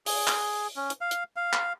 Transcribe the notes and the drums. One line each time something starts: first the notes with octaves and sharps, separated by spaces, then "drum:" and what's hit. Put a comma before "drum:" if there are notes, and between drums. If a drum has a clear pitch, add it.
G#4, drum: open hi-hat
drum: clap
C#4
drum: hi-hat
F5
drum: hi-hat
F5
drum: clap